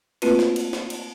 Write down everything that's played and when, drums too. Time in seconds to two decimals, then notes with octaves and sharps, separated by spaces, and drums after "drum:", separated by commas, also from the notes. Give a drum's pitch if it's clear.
0.22 A3 A#3 C4 F4 F#4 B4, drum: cymbal
0.39 drum: snare
0.56 drum: cymbal
0.73 drum: snare
0.90 drum: cymbal